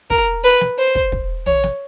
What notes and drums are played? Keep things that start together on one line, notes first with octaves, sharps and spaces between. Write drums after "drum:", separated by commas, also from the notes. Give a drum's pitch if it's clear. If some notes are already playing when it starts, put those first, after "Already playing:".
A#4, drum: kick
B4
drum: snare
C5
drum: kick
drum: kick
C#5, drum: tom
drum: snare